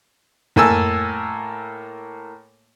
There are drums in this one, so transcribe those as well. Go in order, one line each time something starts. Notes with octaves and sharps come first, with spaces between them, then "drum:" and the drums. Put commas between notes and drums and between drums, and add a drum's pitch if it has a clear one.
A2 A#3 G#5 A5 E6, drum: tom